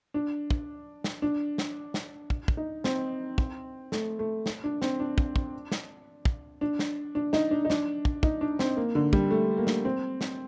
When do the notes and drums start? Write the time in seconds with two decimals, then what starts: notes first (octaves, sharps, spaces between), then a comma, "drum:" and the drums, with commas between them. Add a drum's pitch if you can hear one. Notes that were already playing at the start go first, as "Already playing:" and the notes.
0.14 D4
0.50 drum: kick
1.04 drum: snare
1.22 D4
1.58 drum: snare
1.94 drum: snare
2.30 drum: kick
2.48 drum: kick
2.57 D#4
2.84 C4, drum: snare
3.38 drum: kick
3.92 A3, drum: snare
4.19 A3
4.46 drum: snare
4.64 D4
4.82 C4, drum: snare
5.00 D4
5.18 drum: kick
5.36 drum: kick
5.72 drum: snare
6.25 drum: kick
6.61 D4
6.79 drum: snare
7.15 D4
7.33 D#4, drum: snare
7.51 D4
7.65 D#4
7.70 D4, drum: snare
8.05 drum: kick
8.23 D#4, drum: kick
8.41 D4
8.59 C4, drum: snare
8.77 A#3
8.95 D3
9.13 G3, drum: kick
9.31 A3
9.57 A#3
9.67 drum: snare
9.85 C4
10.21 drum: snare